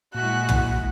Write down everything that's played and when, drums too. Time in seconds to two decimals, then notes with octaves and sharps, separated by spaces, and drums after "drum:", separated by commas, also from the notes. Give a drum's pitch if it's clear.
0.14 A#2 G#3 E4 F#4 G#5 F#6
0.49 drum: tom